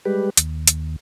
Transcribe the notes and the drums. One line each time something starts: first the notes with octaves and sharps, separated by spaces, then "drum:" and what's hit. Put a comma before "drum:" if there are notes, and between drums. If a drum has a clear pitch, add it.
G3 G#3 G4 B4
D#2, drum: hi-hat
drum: hi-hat